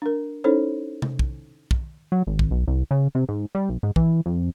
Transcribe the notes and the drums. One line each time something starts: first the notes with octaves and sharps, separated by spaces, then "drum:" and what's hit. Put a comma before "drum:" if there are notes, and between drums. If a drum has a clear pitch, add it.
D4 A#4
C#4 D#4 E4 A4 C5 C#5
drum: tom C3
drum: kick
drum: kick
F#3
G#1
drum: kick
B1
C2
C#3
C3
G#2
G3
B1
G#2
E3, drum: kick
F2